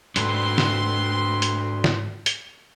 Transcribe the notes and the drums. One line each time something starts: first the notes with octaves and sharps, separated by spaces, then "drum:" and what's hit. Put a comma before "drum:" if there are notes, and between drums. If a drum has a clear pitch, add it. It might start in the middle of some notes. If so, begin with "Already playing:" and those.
G#2 F#3 C4 D4 F#4 A4 B4 C6, drum: hi-hat
drum: snare
drum: hi-hat
drum: snare
drum: hi-hat